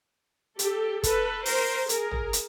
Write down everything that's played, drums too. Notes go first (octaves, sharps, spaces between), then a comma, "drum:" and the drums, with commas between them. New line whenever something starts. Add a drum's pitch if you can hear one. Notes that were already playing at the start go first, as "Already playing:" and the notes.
G4 A4, drum: hi-hat
A4 B4, drum: kick, hi-hat
A#4 C5, drum: open hi-hat
G#4 A#4, drum: hi-hat
drum: tom
drum: hi-hat